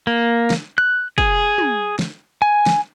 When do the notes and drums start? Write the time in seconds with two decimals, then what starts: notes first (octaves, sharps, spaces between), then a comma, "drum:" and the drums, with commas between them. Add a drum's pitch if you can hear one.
0.07 A#3
0.50 drum: snare
0.78 F#6
1.18 G#4, drum: kick
1.58 drum: tom
1.99 drum: snare
2.42 G#5
2.66 drum: snare